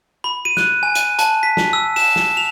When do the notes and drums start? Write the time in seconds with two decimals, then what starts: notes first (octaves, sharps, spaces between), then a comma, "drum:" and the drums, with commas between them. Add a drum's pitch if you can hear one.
0.24 B5
0.45 D#7
0.57 F#6, drum: snare
0.83 G#5
0.95 D#7, drum: hi-hat
1.19 A5, drum: hi-hat
1.43 B6
1.57 drum: snare
1.73 E6
1.96 E7, drum: open hi-hat
2.16 drum: snare
2.37 F7